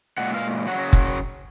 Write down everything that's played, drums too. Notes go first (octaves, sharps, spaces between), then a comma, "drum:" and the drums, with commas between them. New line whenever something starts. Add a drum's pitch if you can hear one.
A#2 G#3 F#5
F5
C#3 F#3 F#5
drum: kick F#1